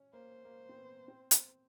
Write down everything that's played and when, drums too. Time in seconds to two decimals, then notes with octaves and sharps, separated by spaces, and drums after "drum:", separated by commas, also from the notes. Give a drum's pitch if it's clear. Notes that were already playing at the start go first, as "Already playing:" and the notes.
Already playing: C#4
0.13 A#3 C5
0.45 A#3
0.69 C4
0.76 B3
1.08 C4
1.31 drum: hi-hat